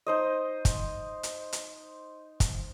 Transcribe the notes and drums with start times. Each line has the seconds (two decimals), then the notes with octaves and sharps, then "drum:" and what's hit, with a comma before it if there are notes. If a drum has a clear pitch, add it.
0.06 D#4 C5 D#5
0.65 drum: kick, hi-hat
1.23 drum: hi-hat
1.53 drum: hi-hat
2.40 drum: kick, hi-hat